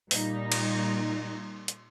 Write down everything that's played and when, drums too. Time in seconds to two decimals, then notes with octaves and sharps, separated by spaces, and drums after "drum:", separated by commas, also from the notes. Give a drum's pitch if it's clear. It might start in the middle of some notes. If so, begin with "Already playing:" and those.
0.11 A#2 G3 D#4, drum: open hi-hat
0.52 drum: cymbal
1.68 drum: hi-hat